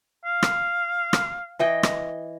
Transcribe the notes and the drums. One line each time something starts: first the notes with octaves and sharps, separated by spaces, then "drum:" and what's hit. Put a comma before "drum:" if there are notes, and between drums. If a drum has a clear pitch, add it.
F5
drum: rim click
drum: rim click
E3 D#5 G5
drum: rim click